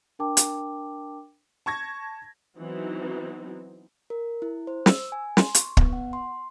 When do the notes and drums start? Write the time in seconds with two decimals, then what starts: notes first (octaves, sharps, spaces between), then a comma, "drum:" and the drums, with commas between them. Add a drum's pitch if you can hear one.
0.19 D4 A#4 G5 A5 D6
0.37 drum: hi-hat
1.66 A5 C#6 G#6 A#6
2.58 E3 F#3 B3 C4 D#4 F#4
4.10 A#4
4.42 E4
4.67 C5
4.86 E6, drum: snare
5.12 G#5
5.37 C6, drum: snare
5.55 C#6, drum: hi-hat
5.77 B3, drum: kick
5.93 F#5
6.13 C6